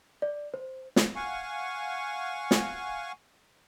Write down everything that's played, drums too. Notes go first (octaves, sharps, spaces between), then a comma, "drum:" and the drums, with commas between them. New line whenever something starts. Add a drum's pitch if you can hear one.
D5
C5
drum: snare
F5 F#5 G#5 C#6
drum: snare